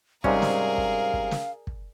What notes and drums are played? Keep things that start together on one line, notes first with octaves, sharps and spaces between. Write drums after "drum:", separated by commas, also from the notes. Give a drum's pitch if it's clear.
G#2 C3 G3 C#4 G#4 A#4 F5, drum: kick
drum: snare
drum: kick
drum: kick
drum: snare
drum: kick